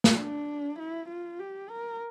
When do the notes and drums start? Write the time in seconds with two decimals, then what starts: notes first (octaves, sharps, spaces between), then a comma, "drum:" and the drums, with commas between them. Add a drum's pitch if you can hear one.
0.04 drum: snare
0.19 D4
0.79 E4
1.09 F4
1.39 G4
1.69 A#4